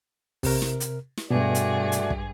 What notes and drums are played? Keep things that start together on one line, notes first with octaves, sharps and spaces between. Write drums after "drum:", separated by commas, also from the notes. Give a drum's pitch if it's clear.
C3 A#4, drum: kick, open hi-hat
drum: snare
drum: hi-hat
drum: snare
G2 B2 A3 F#4 G#4 D5
drum: hi-hat
drum: hi-hat
drum: kick